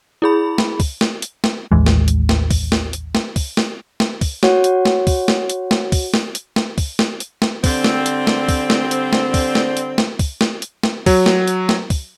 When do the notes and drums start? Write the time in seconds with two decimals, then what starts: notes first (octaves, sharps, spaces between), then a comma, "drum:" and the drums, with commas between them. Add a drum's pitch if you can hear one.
0.22 E4 G#4 B5
0.58 drum: snare
0.80 drum: kick, open hi-hat
1.01 drum: snare
1.22 drum: hi-hat
1.44 drum: snare
1.72 A1 D#2 E3 G#3
1.86 drum: snare
2.08 drum: hi-hat
2.29 drum: snare
2.51 drum: kick, open hi-hat
2.72 drum: snare
2.93 drum: hi-hat
3.15 drum: snare
3.36 drum: kick, open hi-hat
3.57 drum: snare
4.00 drum: snare
4.21 drum: kick, open hi-hat
4.43 F#4 C#5 F#5, drum: snare
4.64 drum: hi-hat
4.85 drum: snare
5.07 drum: kick, open hi-hat
5.28 drum: snare
5.50 drum: hi-hat
5.71 drum: snare
5.92 drum: kick, open hi-hat
6.14 drum: snare
6.35 drum: hi-hat
6.56 drum: snare
6.78 drum: kick, open hi-hat
6.99 drum: snare
7.20 drum: hi-hat
7.42 drum: snare
7.64 D3 G3 C4, drum: kick, open hi-hat
7.84 drum: snare
8.06 drum: hi-hat
8.27 drum: snare
8.49 drum: kick, open hi-hat
8.70 drum: snare
8.91 drum: hi-hat
9.13 drum: snare
9.34 drum: kick, open hi-hat
9.55 drum: snare
9.77 drum: hi-hat
9.98 drum: snare
10.19 drum: kick, open hi-hat
10.41 drum: snare
10.62 drum: hi-hat
10.83 drum: snare
11.06 F#3, drum: kick, open hi-hat
11.26 drum: snare
11.48 drum: hi-hat
11.69 drum: snare
11.90 drum: kick, open hi-hat